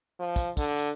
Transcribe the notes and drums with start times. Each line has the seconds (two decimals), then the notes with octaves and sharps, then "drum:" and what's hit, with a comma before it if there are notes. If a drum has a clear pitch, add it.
0.20 F3
0.36 drum: kick, tambourine
0.57 D3, drum: kick, tambourine
0.78 drum: tambourine